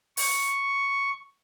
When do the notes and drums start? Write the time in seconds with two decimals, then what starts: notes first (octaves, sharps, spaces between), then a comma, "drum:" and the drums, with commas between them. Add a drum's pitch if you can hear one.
0.17 C#6, drum: open hi-hat